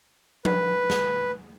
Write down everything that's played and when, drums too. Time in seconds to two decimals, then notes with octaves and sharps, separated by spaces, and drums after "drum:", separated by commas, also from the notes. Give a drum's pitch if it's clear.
0.45 B4, drum: tom
0.90 drum: snare